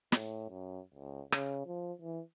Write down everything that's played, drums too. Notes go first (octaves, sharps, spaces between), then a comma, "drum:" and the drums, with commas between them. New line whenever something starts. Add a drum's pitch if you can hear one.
A2, drum: snare
F#2
C#2
C#3, drum: rim click
F3
E3